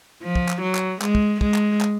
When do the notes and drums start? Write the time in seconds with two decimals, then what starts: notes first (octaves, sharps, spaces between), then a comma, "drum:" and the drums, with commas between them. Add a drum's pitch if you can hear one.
0.22 F3
0.35 drum: kick
0.49 drum: clap
0.62 F#3
0.75 drum: clap
1.02 G#3, drum: clap
1.15 drum: kick
1.41 G#3, drum: kick
1.54 drum: clap
1.81 drum: clap